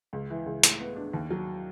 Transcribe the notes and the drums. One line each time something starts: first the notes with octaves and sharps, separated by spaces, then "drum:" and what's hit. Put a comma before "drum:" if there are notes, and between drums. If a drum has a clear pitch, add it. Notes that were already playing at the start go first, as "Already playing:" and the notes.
C#2
E3
C#2
A2, drum: hi-hat
B3
D4
D#2
F#3